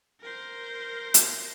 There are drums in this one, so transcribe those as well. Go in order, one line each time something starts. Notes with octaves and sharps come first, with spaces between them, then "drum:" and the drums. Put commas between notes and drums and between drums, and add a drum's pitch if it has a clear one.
A#4 C5
drum: hi-hat